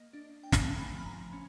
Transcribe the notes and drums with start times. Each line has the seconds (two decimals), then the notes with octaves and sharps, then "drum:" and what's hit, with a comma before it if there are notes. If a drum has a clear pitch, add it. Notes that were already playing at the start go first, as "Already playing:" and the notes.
Already playing: A#3 D#5
0.13 D4
0.43 G5
0.52 A3 G#5, drum: snare
0.75 A#5
0.79 B5
0.92 F3
0.98 B5
1.05 A#5
1.33 C#4